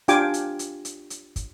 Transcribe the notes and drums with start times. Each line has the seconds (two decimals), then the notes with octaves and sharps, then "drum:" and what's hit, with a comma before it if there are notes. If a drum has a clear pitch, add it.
0.08 D4 F4 G4 G5 G#5 D6, drum: hi-hat
0.34 drum: hi-hat
0.59 drum: hi-hat
0.85 drum: hi-hat
1.10 drum: hi-hat
1.36 drum: kick, hi-hat